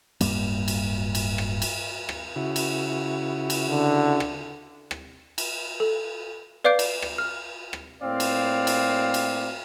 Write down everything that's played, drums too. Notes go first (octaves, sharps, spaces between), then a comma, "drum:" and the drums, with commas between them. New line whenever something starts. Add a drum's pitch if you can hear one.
D1 G2 G3 A#3, drum: cymbal
drum: cymbal
drum: cymbal
drum: rim click
drum: cymbal
drum: rim click
C#3 E4 F#4
drum: cymbal
drum: cymbal
D3
drum: rim click
drum: rim click
drum: cymbal
A4
B4 D5 F5 D6 G6 D7
drum: cymbal
drum: rim click
F6
drum: rim click
A2 A#3 C4 D5 F5
drum: cymbal
drum: cymbal
drum: cymbal